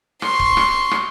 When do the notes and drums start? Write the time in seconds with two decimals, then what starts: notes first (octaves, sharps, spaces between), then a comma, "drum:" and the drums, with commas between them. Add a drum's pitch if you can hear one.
0.22 C6 C#6, drum: rim click
0.39 drum: kick
0.57 drum: rim click
0.91 drum: rim click